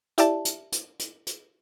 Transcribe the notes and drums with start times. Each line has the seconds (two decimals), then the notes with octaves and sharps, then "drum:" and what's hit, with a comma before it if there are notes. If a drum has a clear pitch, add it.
0.18 E4 G4 D5 E5 A5, drum: hi-hat
0.45 drum: hi-hat
0.72 drum: hi-hat
0.99 drum: hi-hat
1.27 drum: hi-hat